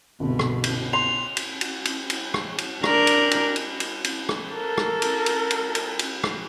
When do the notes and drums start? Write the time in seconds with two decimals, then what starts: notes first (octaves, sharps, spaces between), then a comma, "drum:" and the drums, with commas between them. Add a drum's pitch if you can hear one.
0.20 G1 C2 B2
0.39 drum: rim click
0.64 drum: cymbal
0.93 C6 F7
1.37 drum: cymbal
1.61 drum: cymbal
1.85 drum: cymbal
2.10 drum: cymbal
2.34 drum: rim click
2.58 drum: cymbal
2.84 D4 A#4, drum: rim click
3.07 drum: cymbal
3.31 drum: cymbal
3.56 drum: cymbal
3.80 drum: cymbal
4.04 drum: cymbal
4.29 drum: rim click
4.53 A4 A#4
4.78 drum: rim click
5.02 drum: cymbal
5.26 drum: cymbal
5.51 drum: cymbal
5.75 drum: cymbal
5.99 drum: cymbal
6.24 drum: rim click